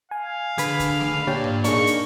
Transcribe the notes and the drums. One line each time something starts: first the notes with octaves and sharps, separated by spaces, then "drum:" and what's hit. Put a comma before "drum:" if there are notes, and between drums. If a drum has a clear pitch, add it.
F5 G#5
D3 G#4 B4, drum: hi-hat
drum: kick C#2, hi-hat
drum: snare A3
A#2 D4 G4 C#5 G5
drum: tom G#2
A#3 D4 D#4 G#4 C#6, drum: hi-hat
drum: hi-hat